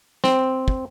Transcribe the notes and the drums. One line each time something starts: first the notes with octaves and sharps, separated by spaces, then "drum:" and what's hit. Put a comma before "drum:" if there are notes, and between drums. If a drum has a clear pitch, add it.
C4, drum: snare
drum: kick